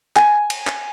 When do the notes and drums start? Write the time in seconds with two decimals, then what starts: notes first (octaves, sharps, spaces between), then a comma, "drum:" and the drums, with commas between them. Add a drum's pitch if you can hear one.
0.16 G#5, drum: clap
0.50 drum: cymbal
0.67 drum: clap